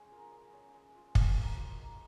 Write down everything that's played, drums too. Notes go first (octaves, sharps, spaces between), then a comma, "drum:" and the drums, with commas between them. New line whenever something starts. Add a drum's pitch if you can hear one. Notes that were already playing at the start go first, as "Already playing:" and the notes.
Already playing: G#3 C#4 G#4
F4 A#4
G#3
C#4
G#3
F4
F3 G#4, drum: kick
A#3 F#4
F3 F4
D#4